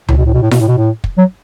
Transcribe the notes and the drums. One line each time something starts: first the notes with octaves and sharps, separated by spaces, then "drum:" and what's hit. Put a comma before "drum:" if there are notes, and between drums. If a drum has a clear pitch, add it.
A2, drum: tom C#2
B2
A2
B2
A2
B2, drum: snare E4
A2
B2
A2
drum: kick
F#3